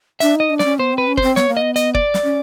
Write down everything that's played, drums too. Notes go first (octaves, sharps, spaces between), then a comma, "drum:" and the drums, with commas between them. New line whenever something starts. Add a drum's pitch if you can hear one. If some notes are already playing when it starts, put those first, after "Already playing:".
D4 E5, drum: hi-hat
D#4 D#5
D4
D5, drum: snare
C#4
B3 C5
C4 B4
C#4
C4 C5, drum: kick
B3 C#5, drum: snare
A#3
B3 D#5
D#5, drum: hi-hat
D5, drum: kick
drum: snare
C#4